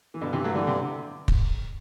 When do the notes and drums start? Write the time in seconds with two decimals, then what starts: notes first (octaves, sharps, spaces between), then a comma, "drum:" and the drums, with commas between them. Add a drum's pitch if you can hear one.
0.14 E3
0.21 G2 B2 D3
0.33 C3 E3
0.36 G2
0.44 F#3 A3
0.52 D3 E3 G3
0.67 G2 C3
1.28 drum: kick